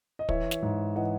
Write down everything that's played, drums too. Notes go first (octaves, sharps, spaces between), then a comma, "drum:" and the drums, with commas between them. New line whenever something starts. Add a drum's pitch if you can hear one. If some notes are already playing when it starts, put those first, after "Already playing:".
D#5
E3 C#5 E5, drum: kick
drum: snare
G#2
E3 D#5 F#5